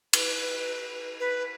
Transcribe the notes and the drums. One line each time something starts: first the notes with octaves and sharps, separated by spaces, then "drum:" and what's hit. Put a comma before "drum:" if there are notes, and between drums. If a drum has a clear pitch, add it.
B4, drum: cymbal
B4